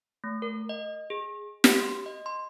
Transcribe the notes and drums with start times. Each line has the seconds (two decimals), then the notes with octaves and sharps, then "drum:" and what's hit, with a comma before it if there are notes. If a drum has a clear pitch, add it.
0.24 A3
0.42 A#4
0.69 D#5
1.10 G#4
1.64 G4, drum: snare
1.80 C6
2.06 D#5
2.26 C6